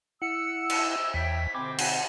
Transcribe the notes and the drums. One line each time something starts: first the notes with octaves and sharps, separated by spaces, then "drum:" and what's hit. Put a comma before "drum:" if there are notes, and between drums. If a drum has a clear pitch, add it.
E4 F#5 E6 C#7
drum: cymbal
E2 C#5 E5 G5 B6
B2 D3 C4 G5 G#5 B5 D6
F#5, drum: cymbal